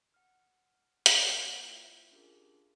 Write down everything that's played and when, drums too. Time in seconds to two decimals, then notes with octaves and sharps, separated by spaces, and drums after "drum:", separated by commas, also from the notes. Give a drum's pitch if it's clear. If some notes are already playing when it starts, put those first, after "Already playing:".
0.14 F#5 F6
1.06 drum: hi-hat
1.41 A#3 A#4 C5 F6 A#6
1.60 E4 F4 C5 E5
2.11 C#4 D4 F4 G4 G#4 A#4